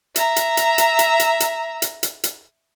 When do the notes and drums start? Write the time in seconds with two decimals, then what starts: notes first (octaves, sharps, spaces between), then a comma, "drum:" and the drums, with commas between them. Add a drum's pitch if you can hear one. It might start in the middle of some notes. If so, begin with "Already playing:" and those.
0.16 E5 A#5, drum: hi-hat
0.36 drum: hi-hat
0.57 drum: hi-hat
0.78 drum: hi-hat
0.99 drum: hi-hat
1.20 drum: hi-hat
1.40 drum: hi-hat
1.82 drum: hi-hat
2.03 drum: hi-hat
2.24 drum: hi-hat